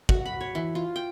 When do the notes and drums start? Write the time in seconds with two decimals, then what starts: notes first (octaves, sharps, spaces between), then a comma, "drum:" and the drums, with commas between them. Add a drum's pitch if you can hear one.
0.09 F#4, drum: kick
0.26 B5
0.41 C#5
0.55 E3
0.75 F4
0.96 G5